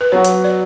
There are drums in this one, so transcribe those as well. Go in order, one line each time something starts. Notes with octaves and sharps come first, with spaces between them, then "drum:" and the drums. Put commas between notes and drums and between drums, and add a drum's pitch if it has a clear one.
B4
F#3 B3 F#4 C#5
drum: hi-hat
D5